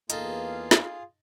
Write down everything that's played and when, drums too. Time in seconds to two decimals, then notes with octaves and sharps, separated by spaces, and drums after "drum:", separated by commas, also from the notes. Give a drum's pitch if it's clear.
0.10 E2 A#3 D#4 F4 G#4 A4 F5, drum: hi-hat
0.71 drum: snare